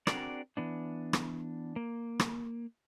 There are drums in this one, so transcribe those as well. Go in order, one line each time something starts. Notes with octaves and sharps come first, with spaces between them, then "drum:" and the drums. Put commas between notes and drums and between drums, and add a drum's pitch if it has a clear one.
C4 D4 F#4 G#4 A#4 D5, drum: rim click
E3 B3 D4
drum: rim click
A#3
drum: rim click